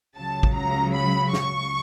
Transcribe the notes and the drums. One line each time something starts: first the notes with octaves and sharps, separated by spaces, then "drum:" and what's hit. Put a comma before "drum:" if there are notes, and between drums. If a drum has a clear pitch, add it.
C#2 C#3 F#3 A5
drum: kick
A#5
B5
C#6, drum: snare